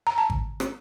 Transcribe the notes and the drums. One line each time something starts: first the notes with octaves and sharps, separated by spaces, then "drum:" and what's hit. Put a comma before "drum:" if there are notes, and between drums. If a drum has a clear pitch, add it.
A#5
A5
drum: kick G#1
drum: rim click